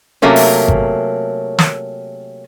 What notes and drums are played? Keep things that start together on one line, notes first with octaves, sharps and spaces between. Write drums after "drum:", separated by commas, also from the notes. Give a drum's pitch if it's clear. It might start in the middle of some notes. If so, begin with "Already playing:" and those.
C3 F#3 A3 A#3 C#4
drum: open hi-hat
drum: kick G#1
drum: snare